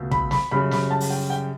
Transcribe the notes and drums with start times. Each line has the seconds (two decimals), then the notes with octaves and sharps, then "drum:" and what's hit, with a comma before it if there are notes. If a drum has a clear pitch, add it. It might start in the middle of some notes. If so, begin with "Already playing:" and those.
Already playing: C#2 B2 A3
0.11 B5, drum: kick
0.31 B5, drum: snare
0.51 F#2 C#3 G3 B5
0.71 B5, drum: snare
0.91 A5
1.00 drum: open hi-hat
1.10 G5
1.30 G5